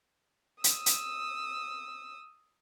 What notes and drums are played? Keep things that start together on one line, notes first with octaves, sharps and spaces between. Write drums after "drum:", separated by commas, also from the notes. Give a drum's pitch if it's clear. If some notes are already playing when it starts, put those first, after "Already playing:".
D#6 E6, drum: hi-hat
drum: hi-hat